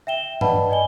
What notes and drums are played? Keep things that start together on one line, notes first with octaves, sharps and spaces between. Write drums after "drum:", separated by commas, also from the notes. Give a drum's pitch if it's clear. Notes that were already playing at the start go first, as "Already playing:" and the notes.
E5 G5 E7 G7
B4 D5 D#5 F#5 A5 B5, drum: tom G2
D5 D#5 G#5 G7